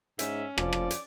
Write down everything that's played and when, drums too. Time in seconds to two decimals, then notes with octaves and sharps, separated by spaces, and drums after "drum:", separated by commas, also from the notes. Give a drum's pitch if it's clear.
0.19 G#2 C#4 E5, drum: hi-hat
0.58 F1 F3 D5, drum: rim click
0.73 drum: rim click
0.91 drum: hi-hat